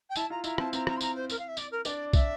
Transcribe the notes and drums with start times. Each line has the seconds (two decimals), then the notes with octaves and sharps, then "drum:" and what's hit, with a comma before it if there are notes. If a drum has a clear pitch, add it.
0.09 G5
0.16 E4 A5, drum: tambourine
0.30 F4 A#5
0.44 E4 A#5, drum: tambourine
0.58 C4 A5, drum: rim click
0.73 C4 A#5, drum: tambourine
0.87 A#5, drum: rim click
0.96 C6
1.01 A#5, drum: tambourine
1.15 C5
1.30 A#4, drum: tambourine
1.38 F5
1.48 E5
1.57 D5, drum: tambourine
1.71 A#4
1.85 D4 D5, drum: tambourine
2.13 E5, drum: kick B1, tambourine